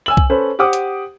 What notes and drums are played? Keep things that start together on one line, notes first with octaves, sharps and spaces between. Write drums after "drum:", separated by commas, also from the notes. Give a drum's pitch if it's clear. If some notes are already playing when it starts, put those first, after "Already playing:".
G#5 E6 F#7
drum: kick C2
C#4 A4 B4 C5
G4 C5 F#5 D6 D#6
drum: hi-hat